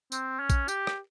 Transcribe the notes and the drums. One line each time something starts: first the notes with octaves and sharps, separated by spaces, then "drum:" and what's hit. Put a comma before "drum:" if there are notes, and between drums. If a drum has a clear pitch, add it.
C4, drum: tambourine
C#4
drum: kick A#1, tambourine
G4, drum: tambourine
drum: rim click